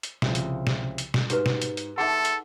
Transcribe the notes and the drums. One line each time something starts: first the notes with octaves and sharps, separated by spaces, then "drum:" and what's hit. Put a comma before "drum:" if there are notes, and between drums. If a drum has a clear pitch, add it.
drum: hi-hat
C2 C#3 F3, drum: snare
drum: hi-hat
drum: snare
drum: hi-hat
drum: snare
G#2 F#4 G4 B4, drum: hi-hat
drum: snare
drum: hi-hat
drum: hi-hat
D#4 G#4 A4 E5 F#5 C6
drum: hi-hat